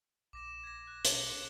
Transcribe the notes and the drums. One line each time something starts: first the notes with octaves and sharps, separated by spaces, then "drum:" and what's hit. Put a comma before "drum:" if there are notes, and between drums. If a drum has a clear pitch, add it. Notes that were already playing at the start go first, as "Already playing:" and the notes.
A#1 D6 A#6 E7
G#6 A#6
F#6
B2 C#7 D7 F#7, drum: hi-hat